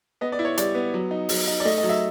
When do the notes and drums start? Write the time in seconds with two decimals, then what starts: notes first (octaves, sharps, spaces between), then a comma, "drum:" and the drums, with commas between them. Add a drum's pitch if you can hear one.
0.21 B3 D#5
0.32 D5
0.39 E4
0.45 C#5
0.58 G3 D5, drum: hi-hat
0.75 B3
0.94 F#3
1.11 D#4
1.29 F#3, drum: open hi-hat
1.48 D#4
1.60 D5
1.65 A3 D#5
1.78 D#5
1.83 F#3
1.89 E5